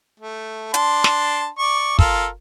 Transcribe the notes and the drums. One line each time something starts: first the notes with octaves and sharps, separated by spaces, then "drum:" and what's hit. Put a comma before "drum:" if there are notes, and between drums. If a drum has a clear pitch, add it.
A3
D4 A5 C6, drum: hi-hat
drum: snare
D5 C#6
F4 A4 A#4, drum: kick